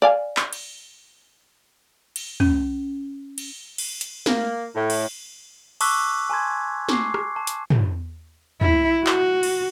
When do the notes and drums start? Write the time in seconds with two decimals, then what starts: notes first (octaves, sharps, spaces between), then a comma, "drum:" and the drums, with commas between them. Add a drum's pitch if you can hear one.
0.02 D5 F5 G#5
0.37 drum: clap
0.53 drum: cymbal
2.16 drum: cymbal
2.40 C#4, drum: tom
3.38 drum: cymbal
3.78 drum: cymbal
4.01 drum: hi-hat
4.26 A#3, drum: snare
4.75 A2
4.90 drum: cymbal
5.81 A5 C#6 D6 E6 F#6 B6, drum: cymbal
6.30 G#5 A5 C6 G#6
6.89 C#6 D6 C7, drum: snare
7.14 drum: rim click
7.36 A5
7.47 drum: hi-hat
7.70 drum: tom
8.61 E4, drum: tom
9.06 F#4, drum: clap
9.43 drum: cymbal